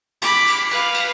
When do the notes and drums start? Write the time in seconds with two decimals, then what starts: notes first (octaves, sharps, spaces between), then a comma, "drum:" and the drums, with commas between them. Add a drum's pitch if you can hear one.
0.22 B5 D6, drum: cymbal
0.47 drum: cymbal
0.71 B4 F5, drum: cymbal
0.94 drum: cymbal